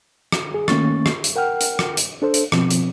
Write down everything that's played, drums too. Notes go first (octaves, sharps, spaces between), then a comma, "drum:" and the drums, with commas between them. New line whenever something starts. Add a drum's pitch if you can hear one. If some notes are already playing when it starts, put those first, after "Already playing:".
drum: rim click
G#4
D#3 A3 A#3 C#4 C#6 A6, drum: rim click
drum: rim click
drum: hi-hat
A#4 F#5 G5 F6
drum: hi-hat
drum: rim click
drum: hi-hat
D4 A4 C5
drum: hi-hat
B2 F3 C4, drum: rim click
drum: hi-hat